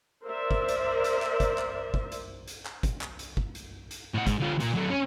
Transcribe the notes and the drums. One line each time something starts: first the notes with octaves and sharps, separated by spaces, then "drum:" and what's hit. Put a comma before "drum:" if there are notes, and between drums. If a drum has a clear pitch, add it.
A#4 C5 D5 E5
drum: kick
drum: hi-hat
drum: hi-hat
drum: clap
drum: kick, hi-hat
drum: clap
drum: kick
drum: hi-hat
drum: hi-hat
drum: clap
drum: kick, hi-hat
drum: clap
drum: hi-hat
drum: kick
drum: hi-hat
drum: hi-hat
A2 F#5
G#2, drum: kick, hi-hat
D3 F4
A#2, drum: hi-hat
F#3 A3
C#4